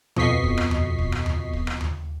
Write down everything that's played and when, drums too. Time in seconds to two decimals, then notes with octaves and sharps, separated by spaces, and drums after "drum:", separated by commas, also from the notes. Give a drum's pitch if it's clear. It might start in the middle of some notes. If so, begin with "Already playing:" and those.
0.16 F2 B2 D#5 C#6 B6 C7, drum: tom D#2
0.44 drum: kick
0.57 drum: rim click
0.71 drum: tom D#2
0.99 drum: kick
1.12 drum: rim click
1.26 drum: tom D#2
1.53 drum: kick
1.67 drum: rim click
1.81 drum: tom D#2